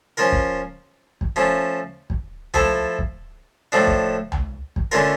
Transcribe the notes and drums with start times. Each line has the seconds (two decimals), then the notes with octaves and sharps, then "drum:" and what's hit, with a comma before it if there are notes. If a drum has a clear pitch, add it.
0.17 F3 C#4 F4 A#4
0.32 drum: kick
1.21 drum: kick
1.36 F3 A3 C#4
2.10 drum: kick
2.54 F3 A3 E4 A4, drum: tom C#2
2.99 drum: kick
3.72 A2 F3 A3 D4
3.87 drum: kick
4.32 drum: tom C#2
4.76 drum: kick
4.91 D3 A3 C#4 F4 A#4